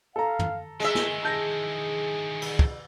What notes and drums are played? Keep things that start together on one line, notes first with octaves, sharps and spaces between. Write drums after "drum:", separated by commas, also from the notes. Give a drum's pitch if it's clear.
A4 F5 A#5
drum: tom
D#3 E3 G#3 G#4 E5
drum: snare
A5 G6 A#6
drum: cymbal
drum: kick